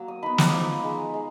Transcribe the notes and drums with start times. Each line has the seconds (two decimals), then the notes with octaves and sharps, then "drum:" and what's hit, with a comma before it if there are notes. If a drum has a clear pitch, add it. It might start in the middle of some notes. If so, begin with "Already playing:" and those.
Already playing: F#3 A#3
0.08 D#6
0.23 B3 D#4 B5
0.38 D6, drum: snare
0.53 F3 D#6
0.84 G#3 D#4
1.14 G#3